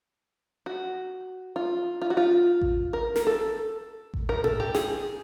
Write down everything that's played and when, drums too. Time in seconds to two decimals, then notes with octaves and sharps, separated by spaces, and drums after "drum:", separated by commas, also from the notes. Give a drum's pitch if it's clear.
0.66 F#4
1.56 F4
2.02 F4
2.10 F#4
2.17 F4
2.61 drum: kick A1
2.93 A#4
3.16 A#4, drum: snare
3.27 A4
4.14 drum: kick A1
4.29 A#4
4.44 A4, drum: tom G#2
4.60 G4
4.75 G#4, drum: snare